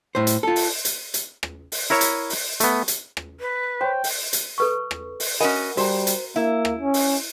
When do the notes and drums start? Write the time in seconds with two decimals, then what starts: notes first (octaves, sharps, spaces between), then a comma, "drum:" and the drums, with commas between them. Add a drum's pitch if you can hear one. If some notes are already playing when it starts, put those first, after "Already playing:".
0.15 A2 C5
0.27 drum: hi-hat
0.43 F4 A4
0.56 drum: open hi-hat
0.85 drum: hi-hat
1.14 drum: hi-hat
1.43 drum: rim click
1.72 drum: open hi-hat
1.90 E4 A#4 C#5 E5
2.01 drum: hi-hat
2.30 drum: open hi-hat
2.60 A3 B3, drum: hi-hat
2.88 drum: hi-hat
3.17 drum: rim click
3.40 B4
3.81 C5 C#5 G5
4.04 drum: open hi-hat
4.33 drum: hi-hat
4.58 A4 B4 C#6
4.91 drum: rim click
5.20 drum: open hi-hat
5.40 C#4 F#4 A#4 D#5 G#5 B5
5.77 G3 F#4 C5 A#5, drum: open hi-hat
6.07 drum: hi-hat
6.36 A#3 E4
6.65 drum: rim click
6.81 C#4
6.94 drum: open hi-hat